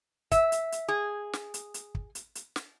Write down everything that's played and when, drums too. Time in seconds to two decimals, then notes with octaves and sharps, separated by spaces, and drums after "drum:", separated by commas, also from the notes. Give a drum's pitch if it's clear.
0.32 E5, drum: kick, hi-hat
0.52 drum: hi-hat
0.72 drum: hi-hat
0.88 G#4
1.33 drum: snare
1.54 drum: hi-hat
1.74 drum: hi-hat
1.95 drum: kick
2.15 drum: hi-hat
2.35 drum: hi-hat
2.56 drum: snare